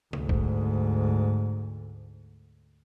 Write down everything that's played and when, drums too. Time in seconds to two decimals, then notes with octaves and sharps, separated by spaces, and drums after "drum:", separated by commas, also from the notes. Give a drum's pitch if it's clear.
0.13 D2 G#2, drum: tom C3
0.29 drum: kick